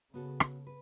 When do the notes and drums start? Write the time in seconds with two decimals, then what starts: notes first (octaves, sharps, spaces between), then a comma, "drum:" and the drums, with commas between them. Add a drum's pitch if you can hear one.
0.13 C#3 B3 F#4 A4
0.40 drum: rim click
0.67 B4